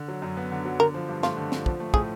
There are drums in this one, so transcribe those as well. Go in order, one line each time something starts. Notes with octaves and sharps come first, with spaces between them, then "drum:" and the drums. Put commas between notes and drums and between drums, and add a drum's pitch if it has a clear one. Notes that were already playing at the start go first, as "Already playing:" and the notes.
Already playing: D3
F#3
F#2
B3
D3
F#3
D3 A#4
F3
G2
A3 F4, drum: snare
D3
F3, drum: snare
F3, drum: kick
A3
A2 G#4, drum: kick